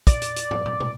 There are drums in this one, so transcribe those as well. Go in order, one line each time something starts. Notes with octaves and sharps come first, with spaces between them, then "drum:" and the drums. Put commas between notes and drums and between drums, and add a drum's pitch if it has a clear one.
D5, drum: kick, hi-hat
drum: hi-hat
drum: hi-hat
drum: tom
drum: tom
drum: tom